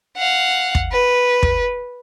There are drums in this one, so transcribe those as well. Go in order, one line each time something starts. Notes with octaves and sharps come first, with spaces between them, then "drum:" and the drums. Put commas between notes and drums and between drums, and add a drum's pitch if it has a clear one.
F5 F#5
drum: kick
B4
drum: kick